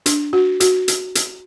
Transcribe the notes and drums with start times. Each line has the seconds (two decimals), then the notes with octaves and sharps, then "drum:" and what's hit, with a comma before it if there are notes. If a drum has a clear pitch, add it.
0.06 D4, drum: hi-hat
0.33 F#4
0.60 F#4, drum: hi-hat
0.88 drum: hi-hat
1.15 drum: hi-hat